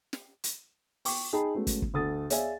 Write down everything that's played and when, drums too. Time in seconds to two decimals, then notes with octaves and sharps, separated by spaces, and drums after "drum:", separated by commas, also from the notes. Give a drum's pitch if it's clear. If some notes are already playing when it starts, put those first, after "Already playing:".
0.13 drum: snare
0.44 drum: hi-hat
1.05 G5 C#6 D6, drum: open hi-hat
1.33 D#4 G#4 G5 A5 B5
1.55 G#3 A3 B3 C#4 F#4
1.67 drum: kick, hi-hat
1.82 drum: kick
1.94 D2 A4 D#6 A6
2.30 G#4 C#5 D5 E5 F5 G#5, drum: hi-hat